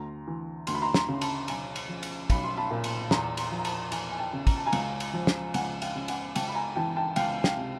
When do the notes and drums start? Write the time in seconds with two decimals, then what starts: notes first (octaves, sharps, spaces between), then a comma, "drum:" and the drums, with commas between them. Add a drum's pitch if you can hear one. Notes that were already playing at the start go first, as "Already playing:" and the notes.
Already playing: D2 A#5 C6
0.27 E3
0.67 D2 C6, drum: cymbal
0.75 B5
0.82 A#5 C6
0.94 A#5 C6, drum: snare
1.09 C#3
1.21 A5 B5, drum: cymbal
1.48 B1 G#5 A#5, drum: cymbal
1.76 drum: cymbal
1.89 F3
2.03 drum: cymbal
2.30 B1 B5, drum: kick, cymbal
2.44 C6
2.57 A5 B5
2.71 A#2
2.84 drum: cymbal
3.11 E2 A#5 C6, drum: snare
3.37 A#5 C6, drum: cymbal
3.51 F3
3.59 A#5
3.65 A5 B5, drum: cymbal
3.92 E2 G#5 A#5, drum: cymbal
4.12 G#5
4.18 G5 A5
4.33 C#3
4.47 A#5, drum: kick, cymbal
4.57 A5
4.66 G#5 A#5
4.73 C#2, drum: cymbal
5.00 drum: cymbal
5.13 F3
5.27 drum: snare
5.54 C#2 F#5 G#5, drum: cymbal
5.82 F5 G5, drum: cymbal
5.95 C#3
6.08 F#5 G#5, drum: cymbal
6.36 C#2 G5 A5, drum: cymbal
6.48 B5
6.55 G#5 A#5
6.75 E3 G5 A5
6.96 G5 A5
7.16 C#2 F5 G5, drum: cymbal
7.44 F5 G5, drum: snare
7.57 C3